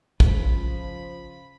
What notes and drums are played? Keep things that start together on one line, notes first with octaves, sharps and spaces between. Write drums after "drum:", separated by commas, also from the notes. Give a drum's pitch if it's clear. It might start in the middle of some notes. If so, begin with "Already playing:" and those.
C#3 F3 B5, drum: kick